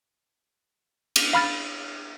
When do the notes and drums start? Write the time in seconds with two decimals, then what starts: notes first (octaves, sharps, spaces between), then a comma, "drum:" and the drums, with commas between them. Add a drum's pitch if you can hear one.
1.16 drum: cymbal
1.33 F5 B5 F6 A6